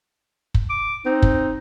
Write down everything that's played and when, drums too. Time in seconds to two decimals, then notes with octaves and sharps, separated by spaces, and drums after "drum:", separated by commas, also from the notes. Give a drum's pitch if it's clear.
0.54 drum: kick
0.70 D6
1.05 C4 D#4
1.22 drum: kick